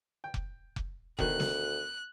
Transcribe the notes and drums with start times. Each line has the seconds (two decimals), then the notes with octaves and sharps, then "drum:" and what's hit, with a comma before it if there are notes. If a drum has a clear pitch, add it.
0.24 G5
0.34 drum: kick F1
0.76 drum: kick F1
1.19 D2 B2 D#3 F#6, drum: kick F1
1.40 drum: snare